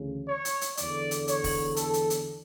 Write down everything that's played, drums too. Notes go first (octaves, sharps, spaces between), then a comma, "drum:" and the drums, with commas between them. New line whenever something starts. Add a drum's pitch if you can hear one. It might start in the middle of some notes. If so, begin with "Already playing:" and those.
Already playing: D2 C#3 E3
C#5
drum: hi-hat
drum: hi-hat
E2 D3 D5, drum: hi-hat
drum: hi-hat
C#5, drum: hi-hat
drum: kick, open hi-hat
A4, drum: hi-hat
drum: hi-hat
drum: hi-hat